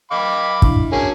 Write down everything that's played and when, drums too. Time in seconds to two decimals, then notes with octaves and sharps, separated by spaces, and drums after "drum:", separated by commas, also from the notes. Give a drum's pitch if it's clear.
0.11 D#5 F5 G5 B5 D6
0.62 D4 E4 E5, drum: kick
0.92 A#3 C#4 D4 F#4 G#4 A5